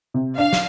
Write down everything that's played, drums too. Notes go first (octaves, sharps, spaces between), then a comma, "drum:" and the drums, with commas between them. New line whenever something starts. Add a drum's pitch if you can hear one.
C3
D4 F5
drum: snare